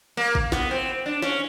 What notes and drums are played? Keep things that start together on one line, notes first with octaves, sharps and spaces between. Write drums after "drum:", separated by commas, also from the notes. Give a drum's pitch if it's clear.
A#3
drum: kick G#1
B3, drum: snare
C4
D4
C#4, drum: snare